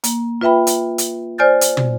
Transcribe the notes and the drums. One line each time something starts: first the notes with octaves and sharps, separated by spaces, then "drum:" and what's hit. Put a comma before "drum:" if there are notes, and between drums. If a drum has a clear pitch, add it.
A#3, drum: hi-hat
F4 B4 E5 G5 B5
drum: hi-hat
drum: hi-hat
C5 D5 G#5 F6 G6 A6
drum: hi-hat
drum: tom